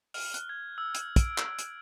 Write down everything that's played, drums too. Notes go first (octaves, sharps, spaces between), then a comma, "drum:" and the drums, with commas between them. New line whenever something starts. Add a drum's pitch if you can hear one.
F6, drum: open hi-hat
F#6, drum: hi-hat
G#6
E6
G#6, drum: hi-hat
D7, drum: kick, hi-hat
drum: clap
drum: hi-hat